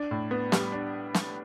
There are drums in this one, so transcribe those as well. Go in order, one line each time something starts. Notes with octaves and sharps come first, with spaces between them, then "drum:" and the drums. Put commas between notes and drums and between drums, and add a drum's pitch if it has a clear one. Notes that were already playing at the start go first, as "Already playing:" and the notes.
Already playing: D4
A2
B3
G3, drum: snare
D4
drum: snare